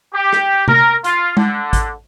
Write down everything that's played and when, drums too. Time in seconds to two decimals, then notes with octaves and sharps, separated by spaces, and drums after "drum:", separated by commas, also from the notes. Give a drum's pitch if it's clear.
0.14 G4
0.33 drum: rim click
0.68 A#4, drum: tom C3
1.04 F4, drum: hi-hat
1.37 D3, drum: tom G#3
1.73 drum: kick, hi-hat